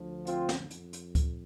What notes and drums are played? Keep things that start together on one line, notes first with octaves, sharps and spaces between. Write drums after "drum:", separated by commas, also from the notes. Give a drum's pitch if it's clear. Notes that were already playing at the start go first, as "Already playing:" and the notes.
Already playing: D2 D3 F3
C4 F4, drum: hi-hat
drum: snare
F2, drum: hi-hat
drum: hi-hat
drum: kick C#2, hi-hat